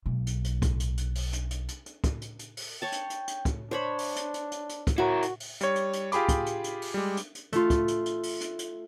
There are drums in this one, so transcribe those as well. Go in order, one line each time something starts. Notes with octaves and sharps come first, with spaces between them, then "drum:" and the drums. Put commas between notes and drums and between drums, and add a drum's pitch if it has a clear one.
B1 A#3
drum: hi-hat
drum: hi-hat
drum: kick, hi-hat
drum: hi-hat
drum: hi-hat
drum: open hi-hat
drum: hi-hat
drum: hi-hat
drum: hi-hat
drum: hi-hat
drum: kick, hi-hat
drum: hi-hat
drum: hi-hat
drum: open hi-hat
C#5 G5 A5
drum: hi-hat
drum: hi-hat
drum: hi-hat
drum: kick, hi-hat
D4 C5 C#5 B5
drum: open hi-hat
drum: hi-hat
drum: hi-hat
drum: hi-hat
drum: hi-hat
drum: kick, hi-hat
E4 F#4 A#4 C#5
drum: hi-hat
drum: open hi-hat
G3 C#5, drum: hi-hat
drum: hi-hat
drum: hi-hat
F4 G4 G#4 B5 D6, drum: hi-hat
drum: kick, hi-hat
drum: hi-hat
drum: hi-hat
drum: open hi-hat
G3 G#3
drum: hi-hat
drum: hi-hat
A3 F4, drum: hi-hat
drum: kick, hi-hat
drum: hi-hat
drum: hi-hat
drum: open hi-hat
drum: hi-hat
drum: hi-hat